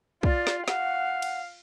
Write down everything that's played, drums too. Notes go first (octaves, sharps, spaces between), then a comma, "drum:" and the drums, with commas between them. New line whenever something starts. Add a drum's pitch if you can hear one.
F4 D5, drum: kick
drum: snare
F5 F#5, drum: snare
drum: cymbal